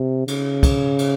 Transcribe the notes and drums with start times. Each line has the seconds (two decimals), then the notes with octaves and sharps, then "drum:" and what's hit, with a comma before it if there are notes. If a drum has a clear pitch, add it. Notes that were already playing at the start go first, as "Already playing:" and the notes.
Already playing: C3
0.28 C#3, drum: cymbal
0.63 drum: kick, cymbal
0.99 drum: cymbal